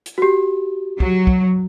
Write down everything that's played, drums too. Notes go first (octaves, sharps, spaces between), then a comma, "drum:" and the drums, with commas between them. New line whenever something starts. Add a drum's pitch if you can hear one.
drum: hi-hat
F#4 G4
F#3, drum: kick
drum: kick